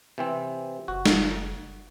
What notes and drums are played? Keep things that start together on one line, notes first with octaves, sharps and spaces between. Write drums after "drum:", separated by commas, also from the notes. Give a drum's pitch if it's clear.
C3 E3 C4
F#1 F#4
drum: snare